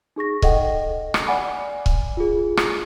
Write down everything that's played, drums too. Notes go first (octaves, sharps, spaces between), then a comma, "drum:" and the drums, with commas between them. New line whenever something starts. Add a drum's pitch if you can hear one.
D#4 G#4 C#6 A#6
A4 D#5 F#5 G5, drum: kick C#1
drum: rim click
D5 F#5 G#5 B5 D6
drum: kick C#1
F4 G#4
drum: rim click